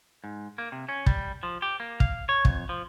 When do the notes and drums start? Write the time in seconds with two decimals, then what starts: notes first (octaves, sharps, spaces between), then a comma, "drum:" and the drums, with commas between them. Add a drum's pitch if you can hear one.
0.24 G#2
0.58 A#3
0.72 C3
0.89 C#4
1.06 G3, drum: kick
1.43 F3
1.62 G4
1.80 A#3
2.00 F5, drum: kick
2.29 C#5
2.45 F2, drum: kick
2.69 F3